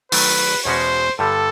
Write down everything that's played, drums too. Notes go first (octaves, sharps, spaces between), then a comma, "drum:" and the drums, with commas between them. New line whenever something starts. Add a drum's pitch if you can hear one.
D#3 F#3 A3 B4, drum: open hi-hat
E2 B2 G#3 C#4 F#4 C5
G2 D3 G3 A4